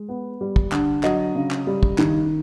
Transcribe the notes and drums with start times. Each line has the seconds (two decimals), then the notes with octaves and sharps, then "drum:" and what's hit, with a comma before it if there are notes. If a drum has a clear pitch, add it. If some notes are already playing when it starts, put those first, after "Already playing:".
Already playing: G#3
0.09 B3
0.41 G3
0.56 drum: kick
0.72 D3, drum: clap
1.03 F#3 D#5, drum: clap
1.35 C#3
1.51 drum: clap
1.67 G3
1.83 drum: kick
1.98 D#3, drum: clap